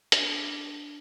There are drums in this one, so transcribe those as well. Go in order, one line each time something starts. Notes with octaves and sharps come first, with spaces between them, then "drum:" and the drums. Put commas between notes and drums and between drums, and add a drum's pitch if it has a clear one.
D4, drum: hi-hat